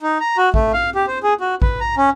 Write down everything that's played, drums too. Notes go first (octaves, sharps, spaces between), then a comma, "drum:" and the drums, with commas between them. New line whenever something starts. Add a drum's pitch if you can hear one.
D#4
A#5
F#4
A3, drum: kick A1, cymbal
F5
G4
C5
G#4
F#4
B4, drum: kick A1
A#5
C#4